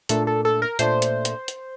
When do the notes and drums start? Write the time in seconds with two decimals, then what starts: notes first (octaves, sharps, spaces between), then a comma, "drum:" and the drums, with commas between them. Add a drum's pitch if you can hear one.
0.09 A#2 A3 D4 A4, drum: hi-hat
0.27 A4
0.45 A4
0.62 A#4
0.79 A#2 A3 D4 C5, drum: hi-hat
1.02 drum: hi-hat
1.25 drum: hi-hat
1.48 drum: hi-hat